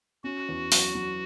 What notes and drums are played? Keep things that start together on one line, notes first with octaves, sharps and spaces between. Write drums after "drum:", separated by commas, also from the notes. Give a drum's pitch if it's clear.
C#4 F#4
E2
F#3, drum: open hi-hat
F#3